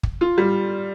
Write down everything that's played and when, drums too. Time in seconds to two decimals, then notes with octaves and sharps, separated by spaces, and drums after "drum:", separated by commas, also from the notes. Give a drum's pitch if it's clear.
0.03 drum: kick
0.21 F4
0.38 G3